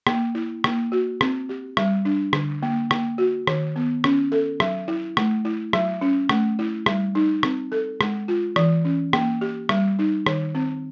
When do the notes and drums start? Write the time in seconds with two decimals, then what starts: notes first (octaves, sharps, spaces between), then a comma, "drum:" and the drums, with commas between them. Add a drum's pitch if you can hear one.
0.07 A#3, drum: rim click
0.35 E4
0.64 A#3, drum: rim click
0.92 F#4
1.21 C4, drum: rim click
1.49 G4
1.77 G3, drum: rim click
2.05 D4
2.33 D3, drum: rim click
2.62 A#3
2.91 A#3, drum: rim click
3.18 F#4
3.47 D#3, drum: rim click
3.76 B3
4.04 C#4, drum: rim click
4.32 A4
4.60 F#3, drum: rim click
4.88 E4
5.17 A3, drum: rim click
5.45 E4
5.73 F#3, drum: rim click
6.01 C#4
6.29 A3, drum: rim click
6.59 E4
6.86 G3, drum: rim click
7.15 D#4
7.43 C4, drum: rim click
7.72 A4
8.01 G#3, drum: rim click
8.28 F4
8.56 E3, drum: rim click
8.85 C#4
9.13 A#3, drum: rim click
9.41 G4
9.69 G3, drum: rim click
9.99 D#4
10.26 D#3, drum: rim click
10.55 C4